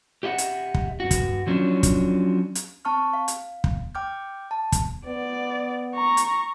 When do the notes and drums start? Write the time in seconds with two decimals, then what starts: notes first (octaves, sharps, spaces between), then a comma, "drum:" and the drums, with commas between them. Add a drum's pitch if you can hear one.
0.23 G4 D#5 E5 F#5
0.38 drum: hi-hat
0.74 drum: kick
1.00 G2 F#4
1.11 drum: kick, hi-hat
1.47 F3 F#3 C#4 D4
1.83 drum: kick, hi-hat
2.55 drum: hi-hat
2.85 C4 A5 C#6 F6
3.13 F5
3.28 drum: hi-hat
3.64 drum: kick
3.95 G5 D6 F6 G6
4.51 A5
4.72 drum: kick, hi-hat
5.06 B3 D5
5.95 A#5 C#6
6.17 drum: hi-hat